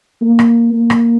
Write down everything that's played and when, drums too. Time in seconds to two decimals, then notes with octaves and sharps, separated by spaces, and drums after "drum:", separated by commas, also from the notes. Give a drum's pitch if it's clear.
0.22 A#3
0.39 drum: rim click
0.73 A#3
0.90 drum: rim click